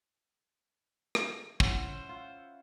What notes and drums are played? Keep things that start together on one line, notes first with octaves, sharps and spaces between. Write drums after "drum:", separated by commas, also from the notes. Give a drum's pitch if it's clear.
drum: rim click
C#4 E4 C5 F#5, drum: kick
F4